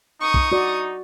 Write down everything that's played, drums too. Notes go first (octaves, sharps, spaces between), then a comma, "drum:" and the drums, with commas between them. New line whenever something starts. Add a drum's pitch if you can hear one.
D#4 C#6 D#6
drum: kick
D#4 F#4 D5